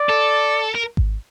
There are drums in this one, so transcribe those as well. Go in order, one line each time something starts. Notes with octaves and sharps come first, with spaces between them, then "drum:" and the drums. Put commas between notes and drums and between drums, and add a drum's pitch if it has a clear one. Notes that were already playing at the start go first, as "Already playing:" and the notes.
Already playing: D5
A4
A#4
drum: kick G#1